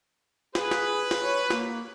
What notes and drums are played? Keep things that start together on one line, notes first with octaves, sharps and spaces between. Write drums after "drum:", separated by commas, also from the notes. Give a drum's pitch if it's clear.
G#4 B4, drum: snare
drum: snare
drum: snare
C#5
A#3, drum: snare